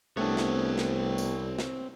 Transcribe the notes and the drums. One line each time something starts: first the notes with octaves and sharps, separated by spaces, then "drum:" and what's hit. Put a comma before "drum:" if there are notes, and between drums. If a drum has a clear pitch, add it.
C2 A3 B3 C4 D4 C#5
drum: snare
drum: snare
drum: tambourine
drum: snare